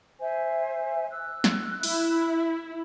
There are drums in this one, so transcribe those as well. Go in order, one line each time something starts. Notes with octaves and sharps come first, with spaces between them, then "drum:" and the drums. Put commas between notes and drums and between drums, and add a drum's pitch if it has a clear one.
C5 E5 G#5
E6 F#6
drum: snare
E4, drum: open hi-hat